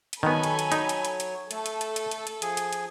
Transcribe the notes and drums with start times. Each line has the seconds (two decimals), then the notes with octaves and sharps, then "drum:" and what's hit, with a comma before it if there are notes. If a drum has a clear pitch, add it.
0.13 drum: hi-hat
0.23 D#3 F#3 B3 A4 C#5 G#5 B5
0.43 drum: hi-hat
0.59 drum: hi-hat
0.72 D#4, drum: hi-hat
0.89 drum: hi-hat
1.05 drum: hi-hat
1.20 drum: hi-hat
1.51 A3 A4, drum: hi-hat
1.66 drum: hi-hat
1.81 drum: hi-hat
1.96 drum: hi-hat
2.11 drum: hi-hat
2.27 drum: hi-hat
2.42 F3 G#4, drum: hi-hat
2.57 drum: hi-hat
2.73 drum: hi-hat